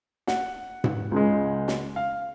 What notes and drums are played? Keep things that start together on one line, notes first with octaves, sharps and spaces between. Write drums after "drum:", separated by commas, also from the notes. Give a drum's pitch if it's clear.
F#5, drum: snare
drum: tom G#2
C#2 C#3 G#3
drum: snare
F5